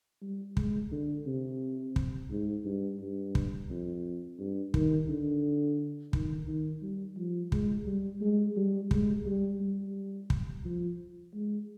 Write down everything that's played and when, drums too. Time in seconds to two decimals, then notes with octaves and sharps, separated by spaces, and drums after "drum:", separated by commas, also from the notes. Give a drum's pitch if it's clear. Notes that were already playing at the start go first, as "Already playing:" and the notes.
0.22 G3
0.57 G#3, drum: kick
0.92 D3
1.27 C3
1.96 drum: kick
2.31 G#2
2.65 G2
3.01 G2
3.35 drum: kick
3.70 F2
4.39 G2
4.74 D#3, drum: kick
5.09 D3
6.13 D#3, drum: kick
6.48 D#3
6.82 G3
7.17 F3
7.52 G#3, drum: kick
7.86 G3
8.21 G#3
8.57 G3
8.91 G#3, drum: kick
9.26 G3
9.60 G3
10.30 drum: kick
10.65 F3
11.34 G#3